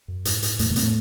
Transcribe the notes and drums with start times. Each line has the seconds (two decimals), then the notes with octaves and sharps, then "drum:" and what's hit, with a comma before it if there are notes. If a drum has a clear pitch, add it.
0.08 F#2
0.25 G#2, drum: hi-hat
0.42 G#2, drum: hi-hat
0.59 E2 A2 A3, drum: hi-hat
0.70 A2 A3
0.76 B2 B3, drum: hi-hat
0.82 A2 A3